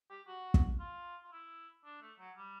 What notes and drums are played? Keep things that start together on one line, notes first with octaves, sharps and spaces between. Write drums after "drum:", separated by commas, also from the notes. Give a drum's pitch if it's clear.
G4
F#4
drum: kick
F4
F4
E4
D4
A3
F#3
G3